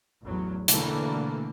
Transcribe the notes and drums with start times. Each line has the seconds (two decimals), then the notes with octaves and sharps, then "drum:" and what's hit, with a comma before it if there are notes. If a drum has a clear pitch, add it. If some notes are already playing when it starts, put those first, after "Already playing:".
0.23 A1 E2 F#3
0.68 B2 D3 E3 A3 A#3, drum: hi-hat